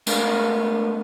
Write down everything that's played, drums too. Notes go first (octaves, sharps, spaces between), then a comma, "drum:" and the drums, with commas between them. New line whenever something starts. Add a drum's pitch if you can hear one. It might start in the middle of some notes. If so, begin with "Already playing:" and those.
G#3 A3 B3 D4 A#4 F5, drum: tambourine